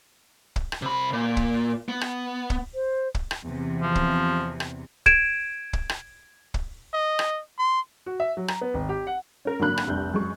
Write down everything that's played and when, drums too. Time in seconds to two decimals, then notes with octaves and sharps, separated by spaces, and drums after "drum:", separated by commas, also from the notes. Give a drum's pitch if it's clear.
0.56 drum: kick
0.72 drum: rim click
0.82 C3 B5
1.13 A#2
1.37 drum: kick
1.88 B3
2.01 drum: rim click
2.50 drum: kick
2.75 C5
3.15 drum: kick
3.31 drum: rim click
3.45 E2 C3
3.82 F3
3.95 drum: kick
4.60 drum: rim click
5.06 G#6 D7 E7, drum: kick
5.73 drum: kick
5.89 drum: rim click
6.54 drum: kick
6.94 D#5
7.19 drum: rim click
7.58 C6
8.06 F#4
8.20 E5
8.37 F#3
8.48 A#5, drum: rim click
8.61 B3
8.74 G#1
8.89 G4
9.07 F#5
9.45 C#4 A#4
9.60 G#1 D3 F#3 A#3 B5 F#6
9.78 drum: rim click
9.87 F1 C2 D4 G6
10.14 F#2 G#3 C#6